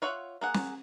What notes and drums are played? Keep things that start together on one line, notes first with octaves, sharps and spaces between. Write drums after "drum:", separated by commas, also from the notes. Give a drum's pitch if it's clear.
F4 C#5 E5 F#5
A#3 G#4 F#5
drum: snare